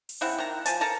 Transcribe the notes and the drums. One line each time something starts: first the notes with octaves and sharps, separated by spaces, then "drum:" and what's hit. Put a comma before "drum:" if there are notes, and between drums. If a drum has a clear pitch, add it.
drum: open hi-hat
C#3 C4 E4 F#5
D#3 A#5
F3 G#5 A5, drum: hi-hat
A4 A#4 A5 A#5